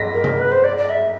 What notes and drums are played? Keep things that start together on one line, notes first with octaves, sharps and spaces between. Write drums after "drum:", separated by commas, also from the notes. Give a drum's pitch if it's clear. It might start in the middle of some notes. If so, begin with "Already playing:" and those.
Already playing: A#6 B6
A#4
drum: tom C3
B4
C5
D5
D5
E5